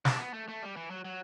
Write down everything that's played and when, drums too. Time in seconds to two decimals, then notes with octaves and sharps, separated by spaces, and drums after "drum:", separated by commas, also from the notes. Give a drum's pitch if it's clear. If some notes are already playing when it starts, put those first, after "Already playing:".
0.05 D4, drum: snare
0.19 B3
0.33 A3
0.48 A3
0.63 G3
0.76 E3
0.90 F#3
1.05 F#3